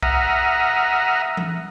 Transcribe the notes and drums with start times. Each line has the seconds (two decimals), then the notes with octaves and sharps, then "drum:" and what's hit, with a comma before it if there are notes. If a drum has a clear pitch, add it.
0.03 E5 F#5 A#5 D#6 F6, drum: kick
1.37 drum: tom E3